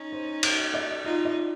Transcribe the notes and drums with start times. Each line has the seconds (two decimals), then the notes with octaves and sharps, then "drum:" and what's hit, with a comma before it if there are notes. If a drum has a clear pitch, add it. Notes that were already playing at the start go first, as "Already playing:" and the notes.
Already playing: C#4 D#4
0.12 C5
0.43 C5, drum: cymbal
0.58 D#5
0.74 D5
0.90 D#5
1.04 D#4 F4 D#5
1.25 D5